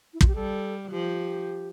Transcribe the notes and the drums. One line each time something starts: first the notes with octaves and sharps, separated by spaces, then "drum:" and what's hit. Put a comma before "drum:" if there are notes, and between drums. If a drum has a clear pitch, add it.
E4
F4, drum: kick
G4
G3 A4
F3 G4